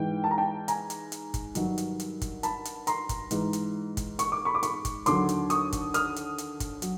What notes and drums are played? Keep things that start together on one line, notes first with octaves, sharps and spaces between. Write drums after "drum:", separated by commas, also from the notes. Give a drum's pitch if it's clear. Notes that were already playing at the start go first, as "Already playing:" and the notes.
Already playing: G#2 E3 G5
A5
A#5
G5 A5
G#5 A#5, drum: hi-hat
drum: hi-hat
drum: hi-hat
drum: kick, hi-hat
G2 D#3 F#3, drum: hi-hat
drum: hi-hat
drum: hi-hat
drum: kick, hi-hat
A5 B5, drum: hi-hat
drum: hi-hat
A#5 C6, drum: hi-hat
drum: kick, hi-hat
G#2 E3, drum: hi-hat
drum: hi-hat
drum: kick, hi-hat
C#6, drum: hi-hat
D6
B5 C#6
D6
B5 C#6, drum: hi-hat
drum: kick, hi-hat
D#2 D3 F#3 C6 D6, drum: hi-hat
drum: hi-hat
C#6 D#6, drum: hi-hat
drum: kick, hi-hat
D#6 F6, drum: hi-hat
drum: hi-hat
drum: hi-hat
drum: kick, hi-hat
F#3, drum: hi-hat